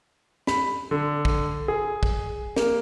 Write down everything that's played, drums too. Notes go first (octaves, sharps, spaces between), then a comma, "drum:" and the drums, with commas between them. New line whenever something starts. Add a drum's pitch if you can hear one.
B5, drum: snare
D3
drum: kick
G#4
drum: kick
A#3, drum: snare